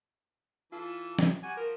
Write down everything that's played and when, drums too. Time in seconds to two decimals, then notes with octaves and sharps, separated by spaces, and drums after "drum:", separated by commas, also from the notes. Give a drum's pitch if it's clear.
0.72 E3 F4 A4
1.19 drum: snare
1.43 G3 F#4 G#5
1.57 F3 A#4